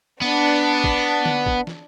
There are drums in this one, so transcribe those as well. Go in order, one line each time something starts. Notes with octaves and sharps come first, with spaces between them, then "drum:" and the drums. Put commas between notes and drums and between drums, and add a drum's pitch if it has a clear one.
B3 D4
drum: kick
drum: tom D3
drum: kick
drum: snare